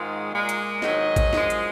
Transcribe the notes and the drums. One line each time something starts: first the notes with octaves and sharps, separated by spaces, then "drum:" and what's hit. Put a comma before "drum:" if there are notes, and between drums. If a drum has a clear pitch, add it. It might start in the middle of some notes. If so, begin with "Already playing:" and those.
Already playing: G#2 D#3 G#3 F4
A#2 G#3
drum: hi-hat
G#2 D#3 F#3 D#5, drum: snare
drum: kick A1, hi-hat
F#2 F3 G#3, drum: snare
drum: hi-hat